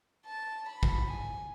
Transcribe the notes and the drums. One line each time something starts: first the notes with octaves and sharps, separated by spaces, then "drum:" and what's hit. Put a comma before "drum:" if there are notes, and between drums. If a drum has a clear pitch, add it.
A5
B5
drum: kick
G#5